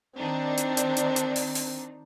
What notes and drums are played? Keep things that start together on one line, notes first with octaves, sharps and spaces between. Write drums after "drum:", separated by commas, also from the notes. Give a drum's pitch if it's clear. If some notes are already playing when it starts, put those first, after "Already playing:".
D#3 C4 D4 D#4
drum: hi-hat
drum: hi-hat
drum: hi-hat
drum: hi-hat
drum: open hi-hat
drum: open hi-hat